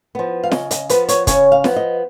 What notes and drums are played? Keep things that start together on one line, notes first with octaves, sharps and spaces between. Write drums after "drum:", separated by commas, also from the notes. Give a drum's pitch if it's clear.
F3 B3
F5
C#3 D#5, drum: snare
D#5, drum: hi-hat
F3 B3 B4, drum: hi-hat
C#5, drum: hi-hat
C#3 C#5, drum: kick, hi-hat
F5
F3 B3, drum: snare
D#5